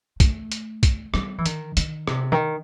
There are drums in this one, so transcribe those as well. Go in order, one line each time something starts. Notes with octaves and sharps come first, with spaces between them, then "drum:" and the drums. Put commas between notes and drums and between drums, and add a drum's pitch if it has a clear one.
A3, drum: kick, hi-hat
drum: hi-hat
drum: kick, hi-hat
G3, drum: rim click
E3
D#3, drum: hi-hat
D#3, drum: hi-hat
C3, drum: rim click
D#3